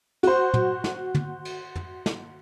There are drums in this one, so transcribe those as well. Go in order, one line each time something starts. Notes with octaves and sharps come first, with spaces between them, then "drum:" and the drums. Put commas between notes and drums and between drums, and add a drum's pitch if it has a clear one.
F#4 C5, drum: cymbal
drum: tom
drum: snare
drum: tom
drum: cymbal
drum: tom
drum: snare